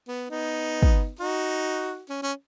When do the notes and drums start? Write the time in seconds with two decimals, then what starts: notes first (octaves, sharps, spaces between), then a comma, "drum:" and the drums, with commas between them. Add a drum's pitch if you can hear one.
0.08 B3
0.29 B3 D#4
0.83 drum: kick
1.19 D#4 F#4
2.09 C#4
2.23 C#4